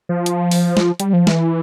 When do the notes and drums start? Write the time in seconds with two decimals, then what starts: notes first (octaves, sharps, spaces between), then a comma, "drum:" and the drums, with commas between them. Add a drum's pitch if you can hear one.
0.09 F3
0.26 drum: hi-hat
0.51 drum: open hi-hat
0.77 drum: snare
1.00 G3, drum: hi-hat
1.13 F3
1.27 E3, drum: snare